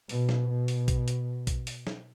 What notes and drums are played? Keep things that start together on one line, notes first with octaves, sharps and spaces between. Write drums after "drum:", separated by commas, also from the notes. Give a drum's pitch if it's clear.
B2, drum: open hi-hat
drum: snare
B2
drum: open hi-hat
drum: kick A#1, hi-hat
drum: hi-hat
drum: kick A#1, hi-hat
drum: open hi-hat
drum: snare